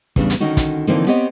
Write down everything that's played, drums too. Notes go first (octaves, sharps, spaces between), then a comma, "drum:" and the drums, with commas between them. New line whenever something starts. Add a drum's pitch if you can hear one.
E2 C#3 G3 D4, drum: kick
drum: hi-hat
D3 D#3 C#4 D#4 F#4
drum: kick, hi-hat
D3 E3 F3 A#3 C4 D#4
B3 C4 G4 C#5 D#5